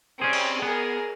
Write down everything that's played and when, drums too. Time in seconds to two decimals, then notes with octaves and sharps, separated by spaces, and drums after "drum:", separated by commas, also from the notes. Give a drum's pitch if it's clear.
0.21 G3 C4 C#4 G#4
0.33 drum: cymbal
0.62 B3 G#4 A#4